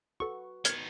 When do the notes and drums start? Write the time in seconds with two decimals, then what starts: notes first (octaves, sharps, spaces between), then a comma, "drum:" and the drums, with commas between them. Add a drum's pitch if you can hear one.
0.20 F#4 A4 B4 C#6
0.65 D#3 B3 F6 G#6, drum: hi-hat